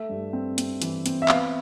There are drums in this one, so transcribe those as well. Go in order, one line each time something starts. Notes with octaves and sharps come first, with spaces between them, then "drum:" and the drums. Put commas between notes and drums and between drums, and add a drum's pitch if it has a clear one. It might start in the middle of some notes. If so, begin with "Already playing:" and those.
Already playing: A3 E5
G2
C4
C4, drum: hi-hat
E3, drum: hi-hat
C4, drum: hi-hat
E5
B3 F5, drum: clap